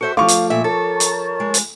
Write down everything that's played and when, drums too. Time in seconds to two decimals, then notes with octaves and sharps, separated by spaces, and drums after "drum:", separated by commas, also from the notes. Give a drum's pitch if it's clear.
0.01 F#4 A4 C5 E5 C#6
0.17 F3 A3 F5 C#6 D6
0.28 drum: hi-hat
0.50 A#2 E5
0.64 A4 A#4 C#5 A5
1.00 drum: hi-hat
1.40 G#3
1.54 drum: hi-hat